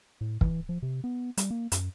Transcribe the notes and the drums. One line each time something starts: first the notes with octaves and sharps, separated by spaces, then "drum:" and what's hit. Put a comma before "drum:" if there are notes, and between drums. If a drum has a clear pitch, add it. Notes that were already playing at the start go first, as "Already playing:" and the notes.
A2
E3, drum: kick
F3
C3
B3
G3, drum: hi-hat
A#3
F#2, drum: hi-hat